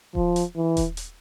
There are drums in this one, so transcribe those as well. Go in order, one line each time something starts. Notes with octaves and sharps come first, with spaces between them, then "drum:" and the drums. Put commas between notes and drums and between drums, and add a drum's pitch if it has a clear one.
F3, drum: kick D#1
drum: hi-hat
E3
drum: kick D#1, hi-hat
drum: hi-hat